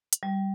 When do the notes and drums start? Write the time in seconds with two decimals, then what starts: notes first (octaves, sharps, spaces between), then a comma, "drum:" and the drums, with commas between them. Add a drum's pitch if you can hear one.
0.13 drum: hi-hat
0.23 G3